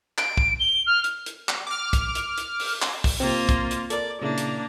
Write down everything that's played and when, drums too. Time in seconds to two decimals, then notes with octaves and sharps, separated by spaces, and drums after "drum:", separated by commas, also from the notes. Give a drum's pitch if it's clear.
0.18 D7, drum: clap
0.37 drum: kick
0.60 G7
0.87 F6
1.04 drum: hi-hat
1.26 drum: hi-hat
1.49 drum: clap
1.67 D6 F6
1.93 drum: kick, hi-hat
2.15 drum: hi-hat
2.38 drum: hi-hat
2.60 drum: open hi-hat
2.82 drum: clap
3.04 drum: kick, open hi-hat
3.20 C3 A#3 C4 F4
3.49 drum: kick, hi-hat
3.71 drum: hi-hat
3.90 A4 A#4 D5, drum: hi-hat
4.22 A#2 C#3 A#3 D4 E4
4.38 drum: hi-hat